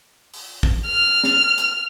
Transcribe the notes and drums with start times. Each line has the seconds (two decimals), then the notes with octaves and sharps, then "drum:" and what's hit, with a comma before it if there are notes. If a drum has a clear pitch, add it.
0.33 drum: open hi-hat
0.63 drum: kick
0.86 F6
1.24 drum: snare
1.58 drum: hi-hat